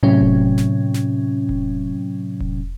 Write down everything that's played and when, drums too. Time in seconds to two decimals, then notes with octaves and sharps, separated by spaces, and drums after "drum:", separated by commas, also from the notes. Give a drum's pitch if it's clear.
0.03 A2 C3 F#3 C#4
0.21 drum: kick E1
0.58 drum: snare
0.94 drum: snare
1.49 drum: kick E1
2.40 drum: kick E1